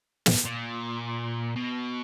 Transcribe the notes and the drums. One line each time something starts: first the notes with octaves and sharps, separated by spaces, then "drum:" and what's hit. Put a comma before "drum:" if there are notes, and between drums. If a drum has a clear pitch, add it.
drum: snare
A#2
B2